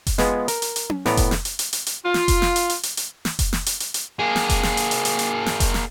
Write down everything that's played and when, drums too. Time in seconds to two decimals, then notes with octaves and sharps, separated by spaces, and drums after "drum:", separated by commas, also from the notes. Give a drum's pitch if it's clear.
0.07 drum: kick F1, hi-hat
0.18 G#3 B3 F4 G#4, drum: snare
0.48 A#4, drum: hi-hat
0.62 drum: hi-hat
0.76 drum: hi-hat
0.90 drum: tom C#4
1.06 A2 B3 D5 A#5, drum: snare
1.17 drum: kick F1, hi-hat
1.31 drum: snare
1.45 drum: hi-hat
1.59 drum: hi-hat
1.73 drum: hi-hat
1.86 drum: hi-hat
2.04 F4
2.14 drum: snare
2.28 drum: kick F1, hi-hat
2.42 drum: snare
2.56 drum: hi-hat
2.70 drum: hi-hat
2.83 drum: hi-hat
2.97 drum: hi-hat
3.25 drum: snare
3.39 drum: kick F1, hi-hat
3.53 drum: snare
3.66 drum: hi-hat
3.80 drum: hi-hat
3.94 drum: hi-hat
4.19 A#3 G#4
4.36 drum: snare
4.49 drum: kick F1, hi-hat
4.63 drum: snare
4.77 drum: hi-hat
4.91 drum: hi-hat
5.05 drum: hi-hat
5.19 drum: hi-hat
5.46 drum: snare
5.60 drum: kick F1, hi-hat
5.74 drum: snare